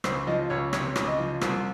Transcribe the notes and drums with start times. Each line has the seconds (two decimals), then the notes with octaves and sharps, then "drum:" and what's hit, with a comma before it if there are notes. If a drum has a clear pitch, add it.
0.04 C#2 C5, drum: rim click
0.27 F3 D#5
0.50 C#2 C#5
0.73 C3 C#5, drum: rim click
0.96 C#2, drum: rim click
1.07 D#5
1.18 F3
1.41 C2 C5, drum: rim click